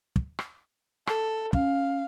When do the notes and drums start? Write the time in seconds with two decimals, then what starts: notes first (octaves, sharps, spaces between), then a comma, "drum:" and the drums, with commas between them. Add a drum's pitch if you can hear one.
0.16 drum: kick
0.39 drum: rim click
1.07 A4, drum: rim click
1.53 C#4 F5, drum: kick